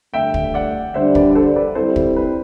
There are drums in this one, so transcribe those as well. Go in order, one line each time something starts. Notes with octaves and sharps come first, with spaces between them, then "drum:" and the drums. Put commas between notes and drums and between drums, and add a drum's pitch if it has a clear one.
G2 D3 A3 E5 G5
drum: kick
D5 F#5
D3 G3 D4 C5 E5
B4 D5, drum: kick
D5
A4 C5
B4 D5
G3 C4 E4 A4 C5
drum: kick
B4